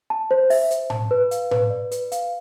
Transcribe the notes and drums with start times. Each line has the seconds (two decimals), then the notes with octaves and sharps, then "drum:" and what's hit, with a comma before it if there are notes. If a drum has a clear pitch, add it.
0.10 A5
0.31 C5
0.50 E5, drum: open hi-hat
0.71 C5, drum: hi-hat
0.90 A5, drum: tom A2
1.11 B4
1.31 F5, drum: hi-hat
1.51 B4, drum: tom A2
1.70 D5
1.91 B4, drum: hi-hat
2.12 F5, drum: hi-hat